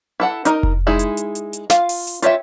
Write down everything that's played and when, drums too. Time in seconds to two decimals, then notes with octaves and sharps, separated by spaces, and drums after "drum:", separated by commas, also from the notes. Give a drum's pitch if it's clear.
0.20 E4 A4 F#5
0.45 D#4 A#4 D#5, drum: hi-hat
0.63 drum: kick F1
0.87 G#3 D#4 E4 G#4
0.99 drum: hi-hat
1.17 drum: hi-hat
1.35 drum: hi-hat
1.53 drum: hi-hat
1.70 F4 F5, drum: snare
1.89 drum: open hi-hat
2.07 drum: hi-hat
2.22 F4 G4 C#5 D5 E5, drum: hi-hat